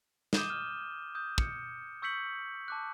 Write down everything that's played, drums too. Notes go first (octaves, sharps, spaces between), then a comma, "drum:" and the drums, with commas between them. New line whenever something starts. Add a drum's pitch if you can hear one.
D6 D#6 G6 D#7 E7 G7, drum: snare
F6
D#6 G6
C#7, drum: kick
C#6 E6 G6 B6 C#7 F#7
A5 D6 F#6